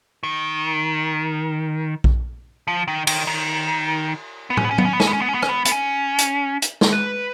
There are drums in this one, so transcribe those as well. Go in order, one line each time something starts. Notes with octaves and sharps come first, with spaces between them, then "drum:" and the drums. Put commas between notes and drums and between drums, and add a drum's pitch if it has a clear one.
D#3
drum: kick A#1
F3
D#3
D#3, drum: cymbal
D#3
B3
C#4, drum: tom
B3
C#4
B3, drum: tom F#3
C#4
B3
C#4, drum: snare
B3
C#4
B3
C#4
B3
C#4, drum: rim click
B3
B3, drum: hi-hat
C#4
drum: hi-hat
drum: hi-hat
drum: snare
B4